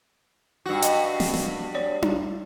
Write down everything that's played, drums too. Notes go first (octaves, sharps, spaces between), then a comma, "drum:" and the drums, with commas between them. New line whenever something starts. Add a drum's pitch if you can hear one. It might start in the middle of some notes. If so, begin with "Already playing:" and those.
G2 F#4
D#5, drum: hi-hat
drum: snare
drum: snare
C#5 D5
drum: tom D4